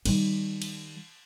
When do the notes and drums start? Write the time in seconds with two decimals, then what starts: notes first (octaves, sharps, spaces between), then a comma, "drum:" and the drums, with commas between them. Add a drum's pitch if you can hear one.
0.05 D#3 G3, drum: cymbal
0.62 drum: cymbal